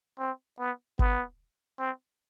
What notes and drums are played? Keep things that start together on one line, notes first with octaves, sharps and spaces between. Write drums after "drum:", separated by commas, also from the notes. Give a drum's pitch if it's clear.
C4
B3
B3, drum: kick G#1
C4